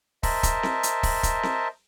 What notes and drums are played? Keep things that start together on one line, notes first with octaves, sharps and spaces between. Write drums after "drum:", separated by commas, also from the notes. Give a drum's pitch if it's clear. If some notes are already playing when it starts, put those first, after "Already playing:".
A#4 C5 D#5 E5 A5, drum: kick, open hi-hat
drum: kick, hi-hat
drum: snare C4
drum: hi-hat
drum: kick, open hi-hat
drum: kick, hi-hat
drum: snare C4